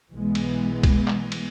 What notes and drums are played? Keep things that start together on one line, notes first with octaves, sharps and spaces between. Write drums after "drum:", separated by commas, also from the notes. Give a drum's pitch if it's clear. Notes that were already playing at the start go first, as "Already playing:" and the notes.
B1 E3 G#3 B3
drum: cymbal
drum: kick C2, cymbal
drum: clap
drum: cymbal